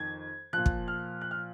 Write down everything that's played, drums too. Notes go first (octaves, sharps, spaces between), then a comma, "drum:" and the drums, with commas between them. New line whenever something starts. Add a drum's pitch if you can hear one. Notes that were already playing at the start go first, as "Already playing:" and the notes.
Already playing: F2 D#3 G#6
A#2 F3 F#6
drum: kick
F6
F#6
F6